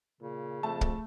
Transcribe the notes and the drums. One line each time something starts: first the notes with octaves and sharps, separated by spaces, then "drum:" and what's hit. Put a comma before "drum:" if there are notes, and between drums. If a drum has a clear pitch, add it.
A#2 C#3
F2 A3 A5
drum: kick